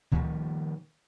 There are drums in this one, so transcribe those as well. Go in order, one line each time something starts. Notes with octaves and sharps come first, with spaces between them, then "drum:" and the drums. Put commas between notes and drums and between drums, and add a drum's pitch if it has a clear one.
A#2 D#3 F3 G3, drum: kick C#2